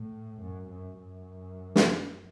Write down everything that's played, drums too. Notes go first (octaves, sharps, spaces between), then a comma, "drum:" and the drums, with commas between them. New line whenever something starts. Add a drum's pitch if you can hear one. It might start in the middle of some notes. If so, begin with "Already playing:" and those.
Already playing: A2
F#2
F#2
F#2
drum: snare